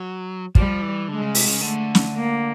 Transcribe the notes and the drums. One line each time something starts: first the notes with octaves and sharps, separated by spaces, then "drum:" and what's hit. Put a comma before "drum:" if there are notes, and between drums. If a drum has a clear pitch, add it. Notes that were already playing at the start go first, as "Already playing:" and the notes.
Already playing: F#3
F3 G3, drum: kick
E3
D3 G#3
C#3
C3, drum: open hi-hat
C#3
D3 A3
drum: snare
A#3